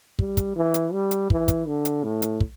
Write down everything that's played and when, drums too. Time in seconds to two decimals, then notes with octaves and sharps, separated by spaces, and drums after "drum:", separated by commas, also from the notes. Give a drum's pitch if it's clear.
0.19 G3, drum: kick
0.37 drum: kick, hi-hat
0.56 E3
0.74 drum: hi-hat
0.93 G3
1.11 drum: hi-hat
1.30 E3, drum: kick
1.48 drum: kick, hi-hat
1.67 D3
1.85 drum: hi-hat
2.03 A2
2.22 drum: hi-hat
2.40 drum: kick